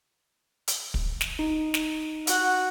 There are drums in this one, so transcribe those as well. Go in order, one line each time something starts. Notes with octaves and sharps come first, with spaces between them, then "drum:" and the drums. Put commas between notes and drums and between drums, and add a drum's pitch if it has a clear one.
drum: hi-hat
drum: kick
drum: snare
D#4
drum: snare
F#4, drum: hi-hat